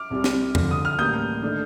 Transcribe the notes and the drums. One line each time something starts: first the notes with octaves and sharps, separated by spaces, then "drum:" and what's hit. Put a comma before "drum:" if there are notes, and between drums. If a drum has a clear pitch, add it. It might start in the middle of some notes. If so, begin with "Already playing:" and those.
Already playing: D6 F6
C2 C3 G3
drum: snare
D2 D3 F3, drum: tom E2
D#6
F6
A1 A2 G3 A#3 D#6 G6
D#3 A3 D4